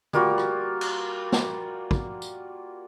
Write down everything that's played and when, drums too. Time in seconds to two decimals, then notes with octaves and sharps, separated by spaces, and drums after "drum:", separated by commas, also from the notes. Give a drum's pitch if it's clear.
0.13 G3 A#3 F4 F#4, drum: tom D3
0.38 drum: rim click
0.81 drum: cymbal
1.32 drum: snare
1.91 drum: kick
2.22 drum: tambourine